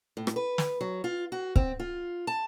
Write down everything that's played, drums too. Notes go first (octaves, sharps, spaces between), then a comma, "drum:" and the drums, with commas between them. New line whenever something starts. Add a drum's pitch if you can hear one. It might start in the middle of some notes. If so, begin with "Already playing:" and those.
A2
drum: rim click
B4
drum: snare
F#3
F4
F#4
C4, drum: kick
F4
A5